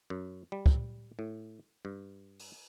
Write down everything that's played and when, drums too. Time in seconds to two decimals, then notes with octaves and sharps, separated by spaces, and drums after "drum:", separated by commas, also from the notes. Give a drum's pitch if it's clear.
0.10 F#2
0.52 G3
0.66 drum: kick
1.19 A2
1.85 G2
2.39 drum: open hi-hat